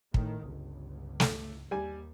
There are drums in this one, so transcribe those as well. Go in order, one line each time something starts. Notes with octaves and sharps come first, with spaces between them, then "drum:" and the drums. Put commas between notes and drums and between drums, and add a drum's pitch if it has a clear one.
A2 D#3, drum: kick
G1 C#2
A3, drum: snare
D#2 G3 G#5